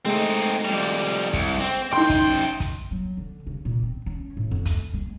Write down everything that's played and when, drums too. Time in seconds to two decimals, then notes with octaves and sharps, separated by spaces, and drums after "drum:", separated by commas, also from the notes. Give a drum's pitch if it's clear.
0.05 G#3 A3 C4 D#4
0.65 F2 G3
1.08 drum: hi-hat
1.33 C2, drum: kick
1.61 C4
1.93 F#2 D#4 G5 C6
2.09 drum: kick, hi-hat
2.60 drum: kick, hi-hat
2.91 F#3
3.17 D3
3.47 C#3
3.65 A#2
3.83 C4
4.06 C#4
4.37 A2
4.51 F2
4.65 D2, drum: hi-hat
4.94 G#3